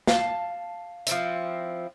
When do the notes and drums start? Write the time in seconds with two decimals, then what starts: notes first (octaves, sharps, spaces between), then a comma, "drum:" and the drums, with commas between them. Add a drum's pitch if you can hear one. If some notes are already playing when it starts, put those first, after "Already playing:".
0.07 F5 A5, drum: snare
1.07 F3 C4 E4, drum: hi-hat